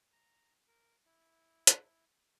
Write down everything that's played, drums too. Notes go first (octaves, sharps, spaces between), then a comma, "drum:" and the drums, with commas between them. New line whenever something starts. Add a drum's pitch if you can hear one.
A#5
A#4
E4
drum: hi-hat